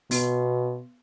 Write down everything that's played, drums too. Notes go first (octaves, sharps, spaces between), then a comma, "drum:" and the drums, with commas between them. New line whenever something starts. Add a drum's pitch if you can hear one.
B2 B3, drum: open hi-hat